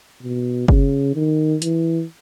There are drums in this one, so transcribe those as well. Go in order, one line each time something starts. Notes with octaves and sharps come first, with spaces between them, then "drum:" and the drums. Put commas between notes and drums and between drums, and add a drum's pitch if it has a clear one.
B2
C#3, drum: kick F#1
D#3
E3, drum: hi-hat